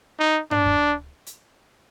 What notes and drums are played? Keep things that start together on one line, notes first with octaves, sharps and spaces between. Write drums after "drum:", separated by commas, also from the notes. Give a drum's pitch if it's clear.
D#4
D4, drum: tom G2
drum: kick D2
drum: hi-hat